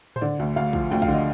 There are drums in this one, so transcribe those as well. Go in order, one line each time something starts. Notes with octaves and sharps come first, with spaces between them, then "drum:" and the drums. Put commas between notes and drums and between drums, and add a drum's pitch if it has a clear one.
C5, drum: tom A2
D3 D5
D2
D2 F5
F3, drum: kick
D2 G5
F5, drum: kick
D3
D#5